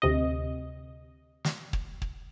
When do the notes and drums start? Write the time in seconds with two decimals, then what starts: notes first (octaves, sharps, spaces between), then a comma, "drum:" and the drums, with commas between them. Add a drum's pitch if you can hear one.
0.02 D2 C3 D#5
1.45 drum: snare
1.73 drum: kick
2.02 drum: kick